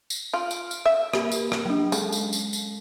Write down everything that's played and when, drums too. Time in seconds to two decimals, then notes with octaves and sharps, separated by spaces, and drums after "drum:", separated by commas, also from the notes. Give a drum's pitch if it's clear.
0.10 drum: tambourine
0.34 F4 F6 D7
0.51 drum: tambourine
0.71 drum: tambourine
0.86 E5
1.13 A#3 G4 A#4, drum: rim click
1.32 drum: tambourine
1.52 drum: rim click
1.66 F#3 D4
1.92 C#3 G#3, drum: tambourine
2.12 drum: tambourine
2.33 drum: tambourine
2.53 drum: tambourine